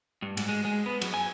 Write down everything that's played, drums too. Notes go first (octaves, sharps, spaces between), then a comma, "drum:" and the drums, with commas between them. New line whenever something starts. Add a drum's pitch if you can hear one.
G2
G#2, drum: cymbal
G#3
G#3
B3
F#2, drum: cymbal
G#5